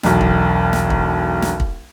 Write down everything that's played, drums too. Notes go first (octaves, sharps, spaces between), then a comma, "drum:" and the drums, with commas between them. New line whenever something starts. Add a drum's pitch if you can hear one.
E1 B1, drum: snare
drum: kick
drum: snare
drum: kick
drum: snare
drum: kick